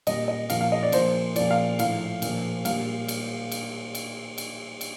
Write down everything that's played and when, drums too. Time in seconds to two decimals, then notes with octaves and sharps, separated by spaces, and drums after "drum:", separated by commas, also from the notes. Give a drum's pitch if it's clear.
0.07 A#2 G3 D#5, drum: cymbal
0.28 D#5
0.50 A#2 F3 F5, drum: cymbal
0.61 F5
0.72 D#5
0.83 D5
0.92 A#2 F3 C5, drum: cymbal
1.36 A#2 F3 D5, drum: cymbal
1.51 F5
1.79 A2 F3 F5, drum: cymbal
2.22 A#2 F3, drum: cymbal
2.65 A#2 G3 F5, drum: cymbal
3.08 drum: cymbal
3.52 drum: cymbal
3.95 drum: cymbal
4.38 drum: cymbal
4.81 drum: cymbal